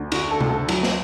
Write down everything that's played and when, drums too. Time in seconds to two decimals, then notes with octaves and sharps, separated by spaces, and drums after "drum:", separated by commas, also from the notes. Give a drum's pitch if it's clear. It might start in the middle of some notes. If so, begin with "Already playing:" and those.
Already playing: D2
0.12 D3 F#4, drum: cymbal
0.30 A4
0.41 D2, drum: tom C3
0.49 A4
0.68 F#3, drum: cymbal
0.83 drum: snare